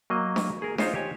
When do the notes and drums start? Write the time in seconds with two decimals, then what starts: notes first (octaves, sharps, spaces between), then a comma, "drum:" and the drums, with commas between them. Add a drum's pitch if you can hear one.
0.10 F#3 A#3 D#5
0.36 drum: snare D4
0.62 G#4 A#4
0.78 D#4 F4 C5 C#5 D#5, drum: snare D4
0.94 G4 C#5 G#5